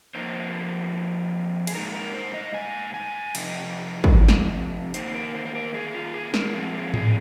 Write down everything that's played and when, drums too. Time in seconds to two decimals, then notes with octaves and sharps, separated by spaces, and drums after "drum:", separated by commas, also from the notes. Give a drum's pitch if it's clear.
0.15 F2 F3 A#3 D#4 C5
1.67 G#4, drum: cymbal
1.74 A#2 G#3 D#4 A#4
1.95 A#4
2.14 C5
2.34 D#5
2.54 G#5
2.94 G#5
3.35 F2 C3 D#4, drum: cymbal
4.04 drum: kick
4.28 drum: snare
4.94 D#3 A#3 D#4 C5, drum: hi-hat
5.14 A#4
5.35 C5
5.45 C5
5.54 A#4
5.74 G#4
5.95 F4
6.14 G#4
6.34 A#4, drum: snare
6.45 G#4
6.53 A#2 F3 G#3 C4 F4
6.74 G#4
6.94 G#4, drum: tom G#2